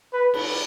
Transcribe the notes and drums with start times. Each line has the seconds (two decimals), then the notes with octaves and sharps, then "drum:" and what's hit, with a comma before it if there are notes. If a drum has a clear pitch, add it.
0.13 B4
0.34 drum: cymbal